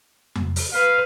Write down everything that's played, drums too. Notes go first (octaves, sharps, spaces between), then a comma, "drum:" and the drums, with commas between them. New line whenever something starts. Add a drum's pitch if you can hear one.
drum: tom F2
drum: open hi-hat
B4 F5